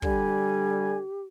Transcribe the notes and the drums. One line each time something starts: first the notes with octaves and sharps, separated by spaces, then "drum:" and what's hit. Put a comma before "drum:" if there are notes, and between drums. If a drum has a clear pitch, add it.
D3 G3 G4 G#5, drum: kick